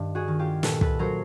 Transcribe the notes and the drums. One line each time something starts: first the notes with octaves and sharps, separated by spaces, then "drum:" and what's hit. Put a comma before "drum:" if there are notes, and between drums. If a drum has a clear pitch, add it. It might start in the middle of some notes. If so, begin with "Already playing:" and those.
Already playing: G2 D#3
F#4 G#4
D#3
F4 G4
A#2 A4 B4, drum: snare
A4 B4, drum: kick
F#3 A#4 C5